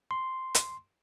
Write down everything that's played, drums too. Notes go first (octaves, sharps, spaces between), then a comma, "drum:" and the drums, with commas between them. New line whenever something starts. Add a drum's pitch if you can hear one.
C6
drum: hi-hat